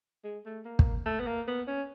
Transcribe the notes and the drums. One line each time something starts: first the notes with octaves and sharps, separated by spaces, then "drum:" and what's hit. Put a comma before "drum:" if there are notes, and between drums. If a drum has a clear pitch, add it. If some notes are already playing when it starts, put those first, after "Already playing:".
G#3
A3
A#3
drum: kick
A3
B3
A#3
B3
C#4